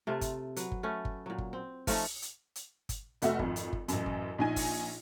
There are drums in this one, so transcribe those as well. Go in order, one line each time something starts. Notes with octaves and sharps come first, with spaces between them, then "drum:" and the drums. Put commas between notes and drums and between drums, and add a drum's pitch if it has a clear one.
C3 A3 F4
drum: kick G1, hi-hat
F#3 B4, drum: hi-hat
drum: kick G1
A3 C#4 B4
drum: kick G1
A#2 F#3
drum: kick G1
C4
F3 A3 C#4 D#4, drum: kick G1, open hi-hat
drum: hi-hat
drum: hi-hat
drum: kick G1, hi-hat
F1 A3 F#4 E5, drum: hi-hat
G#1 F2, drum: kick G1
drum: hi-hat
drum: kick G1
A1 F#2, drum: hi-hat
drum: kick G1
A#1 D#4 G#5
drum: kick G1, open hi-hat